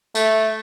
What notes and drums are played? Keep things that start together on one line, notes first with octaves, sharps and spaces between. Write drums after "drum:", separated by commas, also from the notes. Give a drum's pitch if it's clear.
A3, drum: tambourine